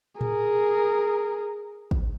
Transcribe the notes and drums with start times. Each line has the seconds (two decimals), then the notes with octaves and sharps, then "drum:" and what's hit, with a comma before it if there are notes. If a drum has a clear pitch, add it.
0.21 G#4 A#4, drum: tom A2
1.91 drum: kick